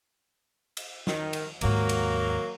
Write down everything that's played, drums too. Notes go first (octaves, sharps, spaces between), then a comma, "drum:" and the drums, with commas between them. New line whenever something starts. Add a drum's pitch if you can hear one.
drum: cymbal
D#3, drum: snare
drum: cymbal
D#2 G#2 F#3 A#3, drum: cymbal
drum: cymbal